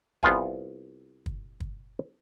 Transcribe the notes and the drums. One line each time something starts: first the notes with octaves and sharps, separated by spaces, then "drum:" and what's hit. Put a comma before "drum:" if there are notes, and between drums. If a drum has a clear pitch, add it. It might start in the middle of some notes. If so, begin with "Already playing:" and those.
C2 B3 F4 F5 G#5, drum: kick
drum: kick
drum: kick